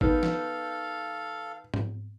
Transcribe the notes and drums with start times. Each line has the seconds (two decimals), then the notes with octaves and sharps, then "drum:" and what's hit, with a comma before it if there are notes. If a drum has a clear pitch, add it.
0.01 D#3 B3 A4 F5, drum: kick G#1
0.23 drum: snare
1.74 drum: tom G#2